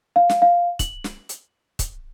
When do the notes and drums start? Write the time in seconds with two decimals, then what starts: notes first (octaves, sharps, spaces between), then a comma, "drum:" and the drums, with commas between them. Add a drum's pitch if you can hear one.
0.16 F5
0.30 drum: snare
0.42 F5
0.79 F#7, drum: kick, hi-hat
1.04 drum: snare
1.29 drum: hi-hat
1.79 drum: kick, hi-hat